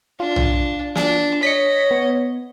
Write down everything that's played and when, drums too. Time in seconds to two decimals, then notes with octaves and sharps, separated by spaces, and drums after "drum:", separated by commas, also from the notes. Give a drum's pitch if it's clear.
0.20 D4 F4
0.36 drum: tom B1
0.95 D4, drum: snare
1.43 C#5 D#5 B6 C#7
1.91 B3